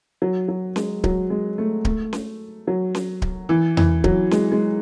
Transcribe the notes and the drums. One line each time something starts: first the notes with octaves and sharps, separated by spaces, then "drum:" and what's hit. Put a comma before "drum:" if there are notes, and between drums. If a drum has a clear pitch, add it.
F#3
F#3
G#3, drum: snare C#4
F#3, drum: kick D1
G#3
A3
A3, drum: kick D1
drum: snare C#4
F#3
drum: snare C#4
drum: kick D1
E3
E3, drum: tom E2
F#3, drum: kick D1
G#3, drum: snare C#4
G#3